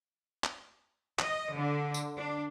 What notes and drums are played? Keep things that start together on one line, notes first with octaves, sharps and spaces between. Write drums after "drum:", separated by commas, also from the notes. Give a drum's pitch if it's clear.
drum: clap
D#5, drum: clap
D3
drum: tambourine
D4